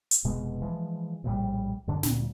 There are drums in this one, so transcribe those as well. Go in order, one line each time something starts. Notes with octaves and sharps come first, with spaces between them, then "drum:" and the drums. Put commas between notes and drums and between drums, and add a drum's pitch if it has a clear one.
drum: hi-hat
F1 B2 G#3 B3
E3 F3 G#3
A#1 A2 F3 G3
F#2 D3 D4
D2 A#2, drum: snare